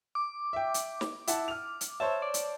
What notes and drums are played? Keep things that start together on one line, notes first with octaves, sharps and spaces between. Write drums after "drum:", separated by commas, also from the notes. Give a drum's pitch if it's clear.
D6
E5 G5
drum: hi-hat
drum: snare
E4 F#5 A5, drum: hi-hat
F6 F7
drum: hi-hat
C5 C#5 E5 A5
D5
drum: hi-hat